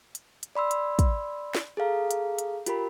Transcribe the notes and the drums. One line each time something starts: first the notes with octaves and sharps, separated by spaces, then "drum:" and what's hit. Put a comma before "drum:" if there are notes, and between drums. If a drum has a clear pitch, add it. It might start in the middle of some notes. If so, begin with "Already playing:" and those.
drum: hi-hat
drum: hi-hat
D5 B5 C6 E6
drum: hi-hat
drum: kick, hi-hat
drum: snare
G#4 A4 F5 A#5
drum: hi-hat
drum: hi-hat
F4 G4 A#4 B5, drum: hi-hat